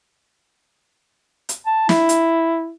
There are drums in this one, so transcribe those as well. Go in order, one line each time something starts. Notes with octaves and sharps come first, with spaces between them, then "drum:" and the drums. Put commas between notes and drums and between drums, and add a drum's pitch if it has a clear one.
drum: hi-hat
A5
E4, drum: snare
drum: hi-hat